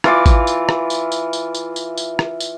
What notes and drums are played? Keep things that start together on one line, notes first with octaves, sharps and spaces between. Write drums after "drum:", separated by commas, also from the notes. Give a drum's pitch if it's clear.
E3 F4 D6, drum: rim click
drum: kick G#1, tambourine
drum: tambourine
drum: rim click
drum: tambourine
drum: tambourine
drum: tambourine
drum: tambourine
drum: tambourine
drum: tambourine
drum: rim click
drum: tambourine